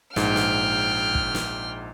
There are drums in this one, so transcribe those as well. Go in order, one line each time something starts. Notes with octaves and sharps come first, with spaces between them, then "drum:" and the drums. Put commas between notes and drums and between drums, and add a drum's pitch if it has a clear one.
A#1 G#2 G5 F6, drum: snare
drum: snare
drum: kick
drum: snare